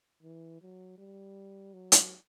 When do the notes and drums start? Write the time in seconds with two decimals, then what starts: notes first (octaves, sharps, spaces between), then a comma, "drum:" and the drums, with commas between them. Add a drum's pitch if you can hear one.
0.23 E3
0.61 F#3
0.98 G3
1.74 F#3
1.92 drum: hi-hat